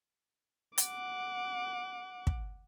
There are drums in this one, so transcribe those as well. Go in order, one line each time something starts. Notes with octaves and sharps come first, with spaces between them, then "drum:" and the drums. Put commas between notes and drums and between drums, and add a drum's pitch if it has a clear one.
F#5 D6, drum: hi-hat
drum: kick